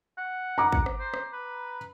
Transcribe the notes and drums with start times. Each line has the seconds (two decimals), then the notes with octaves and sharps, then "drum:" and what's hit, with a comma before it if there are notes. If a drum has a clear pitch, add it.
0.18 F#5
0.58 A#5 D6
0.72 drum: kick
0.86 drum: rim click
1.00 C5
1.14 drum: rim click
1.33 B4